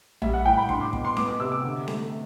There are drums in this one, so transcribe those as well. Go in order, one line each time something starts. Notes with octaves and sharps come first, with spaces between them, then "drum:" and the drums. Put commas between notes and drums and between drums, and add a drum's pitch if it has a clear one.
G3 E5, drum: tom A#1
F#5
A2 G5
B5
D4 C6, drum: kick
D6
B2, drum: kick
C6
B3 D6, drum: snare C#4
D6
C3 E6
D6
D3
A3, drum: snare C#4